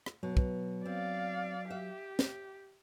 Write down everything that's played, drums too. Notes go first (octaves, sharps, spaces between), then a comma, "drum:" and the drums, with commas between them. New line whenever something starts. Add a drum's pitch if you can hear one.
drum: rim click
B2 F#3
drum: kick
C4 D5 F5
G4 E5
drum: snare